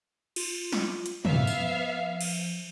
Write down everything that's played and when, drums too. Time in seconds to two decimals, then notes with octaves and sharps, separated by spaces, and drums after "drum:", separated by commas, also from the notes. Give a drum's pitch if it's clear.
0.36 F4, drum: cymbal
0.72 drum: snare
1.06 drum: hi-hat
1.25 F#2 B3 E5 F5, drum: tom
1.47 drum: tambourine
1.61 F3
2.21 drum: cymbal